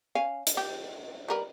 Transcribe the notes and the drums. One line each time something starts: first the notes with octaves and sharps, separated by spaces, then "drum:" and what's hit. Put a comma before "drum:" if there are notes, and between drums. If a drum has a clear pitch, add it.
C#4 F5 G#5
drum: hi-hat
G4
G3 A#4 B4